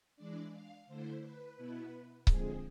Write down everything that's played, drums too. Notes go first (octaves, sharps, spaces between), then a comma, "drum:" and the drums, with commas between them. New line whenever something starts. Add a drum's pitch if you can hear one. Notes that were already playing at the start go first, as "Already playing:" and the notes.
E3 G#3 D4 D5
F5
D3 A3 E4 C5
B4
B2 B3 E4
D3 F3 G#3 C4 G#4, drum: kick C#1